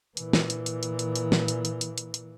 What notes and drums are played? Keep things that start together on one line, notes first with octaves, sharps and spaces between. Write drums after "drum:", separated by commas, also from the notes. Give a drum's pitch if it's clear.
A#2 E3, drum: hi-hat
drum: snare
drum: hi-hat
drum: hi-hat
drum: hi-hat
drum: hi-hat
drum: hi-hat
drum: snare
drum: hi-hat
drum: hi-hat
drum: hi-hat
drum: hi-hat
drum: hi-hat